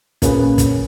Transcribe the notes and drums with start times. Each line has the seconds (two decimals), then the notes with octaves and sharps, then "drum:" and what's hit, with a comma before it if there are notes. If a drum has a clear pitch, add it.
0.22 A#2 A#3 C#4 G#4 B4, drum: kick, hi-hat
0.58 drum: kick, hi-hat